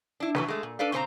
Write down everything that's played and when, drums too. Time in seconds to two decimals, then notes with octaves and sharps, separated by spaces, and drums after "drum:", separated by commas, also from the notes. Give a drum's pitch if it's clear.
0.20 D4 E4
0.35 E3 F#3 B4, drum: snare
0.48 G#3 A3
0.63 A#2
0.79 D4 A4 B4 D5 F5
0.92 A#2 C#3 C4 C5 A5 A#5